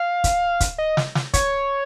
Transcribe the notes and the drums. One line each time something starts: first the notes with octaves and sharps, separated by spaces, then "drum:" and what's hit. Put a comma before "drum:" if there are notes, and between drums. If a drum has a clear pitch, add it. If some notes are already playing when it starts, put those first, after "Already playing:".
Already playing: F5
drum: kick, hi-hat
drum: kick, hi-hat
D#5
drum: snare
drum: snare
C#5, drum: kick, hi-hat